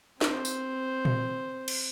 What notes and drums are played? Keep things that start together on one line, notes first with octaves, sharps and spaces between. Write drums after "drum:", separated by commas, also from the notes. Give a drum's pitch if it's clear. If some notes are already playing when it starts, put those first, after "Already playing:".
C4 C5, drum: snare
drum: tambourine
drum: tom A#2
drum: cymbal